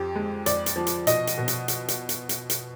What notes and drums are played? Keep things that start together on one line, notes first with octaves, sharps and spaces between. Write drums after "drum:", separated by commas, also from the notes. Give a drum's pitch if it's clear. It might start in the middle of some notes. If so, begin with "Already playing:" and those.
Already playing: F2 G4
G#3
F2 D5, drum: hi-hat
drum: hi-hat
F3
drum: hi-hat
B2 D#5, drum: hi-hat
drum: hi-hat
B2
drum: hi-hat
drum: hi-hat
drum: hi-hat
drum: hi-hat
drum: hi-hat
drum: hi-hat